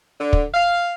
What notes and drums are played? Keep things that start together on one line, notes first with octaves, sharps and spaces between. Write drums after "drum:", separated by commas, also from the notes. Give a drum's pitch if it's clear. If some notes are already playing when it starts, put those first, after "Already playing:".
D3
drum: kick
F5